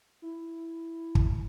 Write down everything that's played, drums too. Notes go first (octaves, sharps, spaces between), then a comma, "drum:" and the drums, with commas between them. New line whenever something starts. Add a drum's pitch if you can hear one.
E4
drum: kick